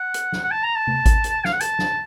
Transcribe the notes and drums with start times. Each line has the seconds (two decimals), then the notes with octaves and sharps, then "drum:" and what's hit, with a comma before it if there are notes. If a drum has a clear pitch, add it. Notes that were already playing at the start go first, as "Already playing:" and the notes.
Already playing: F#5
0.14 drum: hi-hat
0.32 drum: snare
0.43 F#5
0.51 A5
0.63 A#5
0.75 A5
0.87 drum: tom C3
1.06 drum: kick G#1, hi-hat
1.24 drum: hi-hat
1.45 F5, drum: snare
1.52 F#5
1.60 A5, drum: hi-hat
1.79 drum: snare